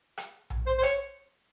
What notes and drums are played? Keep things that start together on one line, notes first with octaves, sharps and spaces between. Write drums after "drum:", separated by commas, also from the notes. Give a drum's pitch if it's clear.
drum: rim click
drum: tom A#1
C5
C5
C#5, drum: rim click